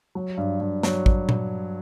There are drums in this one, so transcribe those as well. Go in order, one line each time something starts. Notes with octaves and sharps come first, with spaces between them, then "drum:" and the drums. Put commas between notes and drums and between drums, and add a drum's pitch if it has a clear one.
F#3
G2
G2
F#3, drum: snare
drum: kick A1
drum: tom A#2